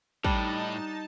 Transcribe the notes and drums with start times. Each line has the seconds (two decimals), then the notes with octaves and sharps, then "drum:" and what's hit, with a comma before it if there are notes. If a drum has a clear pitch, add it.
0.24 A2 G3 D4 D#4 A5, drum: kick